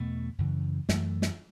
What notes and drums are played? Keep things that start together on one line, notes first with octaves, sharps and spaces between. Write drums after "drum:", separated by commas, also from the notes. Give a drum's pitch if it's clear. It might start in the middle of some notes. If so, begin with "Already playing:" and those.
Already playing: E2 B2 A3
F#2 C#3 E3
F#2 E3 A3, drum: snare
drum: snare